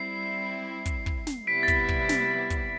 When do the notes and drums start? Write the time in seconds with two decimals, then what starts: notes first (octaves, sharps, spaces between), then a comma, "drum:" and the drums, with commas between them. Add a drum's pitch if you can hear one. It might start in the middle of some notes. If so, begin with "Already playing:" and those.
Already playing: G3 C4 E4 C7
0.86 drum: kick, hi-hat
1.06 drum: kick
1.27 drum: snare
1.47 C3 G3 B3 E4 B6 D7
1.63 A6
1.68 B6, drum: kick, hi-hat
1.88 drum: kick
2.09 drum: snare
2.50 drum: kick, hi-hat